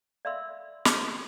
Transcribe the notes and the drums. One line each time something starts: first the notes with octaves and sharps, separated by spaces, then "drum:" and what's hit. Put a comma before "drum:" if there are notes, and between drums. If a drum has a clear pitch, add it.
D5 E5 F5 B5 C6 E6
drum: snare